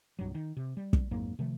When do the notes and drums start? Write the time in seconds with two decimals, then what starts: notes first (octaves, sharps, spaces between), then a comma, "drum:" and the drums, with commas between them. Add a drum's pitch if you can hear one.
0.19 C2 G2 F#3
0.35 D#3
0.57 C3
0.77 G3
0.93 drum: kick
1.11 F2 G#2 F#3 A#3
1.39 C3 D#3 F3 A3